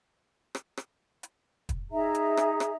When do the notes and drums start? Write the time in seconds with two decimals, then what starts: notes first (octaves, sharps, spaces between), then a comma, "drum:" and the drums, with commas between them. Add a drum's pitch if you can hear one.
0.55 drum: rim click
0.77 drum: rim click
1.23 drum: hi-hat
1.69 drum: kick, hi-hat
1.92 D#4 G#4 E5 A#5
2.15 drum: hi-hat
2.37 drum: rim click
2.60 drum: rim click